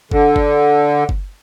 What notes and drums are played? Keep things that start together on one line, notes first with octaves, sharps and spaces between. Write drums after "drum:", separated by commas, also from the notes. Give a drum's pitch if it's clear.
D3, drum: kick F#1
drum: kick F#1
drum: kick F#1